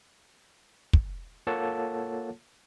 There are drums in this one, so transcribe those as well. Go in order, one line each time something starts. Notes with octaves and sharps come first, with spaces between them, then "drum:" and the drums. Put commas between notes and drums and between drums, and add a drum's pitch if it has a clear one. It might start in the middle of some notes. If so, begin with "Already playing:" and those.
drum: kick
A#3 F4 A4 C#5 F#5 A5